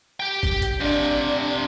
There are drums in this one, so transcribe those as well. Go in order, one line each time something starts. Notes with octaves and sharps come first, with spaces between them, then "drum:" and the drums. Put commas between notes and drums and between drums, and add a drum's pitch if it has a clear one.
G4 G5
drum: kick G1
drum: hi-hat
F2 C3 D4